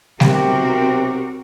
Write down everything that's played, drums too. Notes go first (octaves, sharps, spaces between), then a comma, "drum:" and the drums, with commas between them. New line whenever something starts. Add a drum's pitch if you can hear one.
B1 C3 C4 F#4 G4 A#4, drum: snare G3